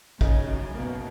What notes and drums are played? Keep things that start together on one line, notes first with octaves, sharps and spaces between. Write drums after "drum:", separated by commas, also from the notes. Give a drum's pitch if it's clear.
C#3 D#4, drum: kick
F#2
B2 A#3